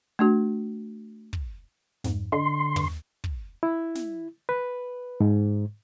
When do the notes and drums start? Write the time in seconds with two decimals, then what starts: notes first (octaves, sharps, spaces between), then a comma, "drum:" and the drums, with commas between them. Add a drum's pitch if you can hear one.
0.19 A3 D4 F#4
1.33 drum: kick
2.04 F2 G#2, drum: snare
2.32 D3 D#5 C6
2.76 G2 C#6, drum: tom
3.24 drum: kick
3.63 E4
3.95 drum: snare
4.49 B4
5.20 G#2